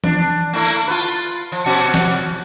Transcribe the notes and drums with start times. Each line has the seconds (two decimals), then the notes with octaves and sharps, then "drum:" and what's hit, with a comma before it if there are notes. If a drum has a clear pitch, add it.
0.04 D4, drum: tom E3
0.53 A3 A#3 E4
0.65 drum: open hi-hat
0.88 F4 B4
1.52 F3
1.66 B2 C#4 F#4
1.94 drum: snare